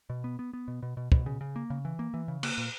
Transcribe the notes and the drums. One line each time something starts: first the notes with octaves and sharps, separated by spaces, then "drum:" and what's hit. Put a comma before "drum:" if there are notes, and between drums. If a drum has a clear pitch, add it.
B2
B3
B3
B3
B2
B2
B2
B2, drum: kick
C#3
C#3
A#3
C#3
E3
A#3
E3
C#3
A#3, drum: cymbal
A#2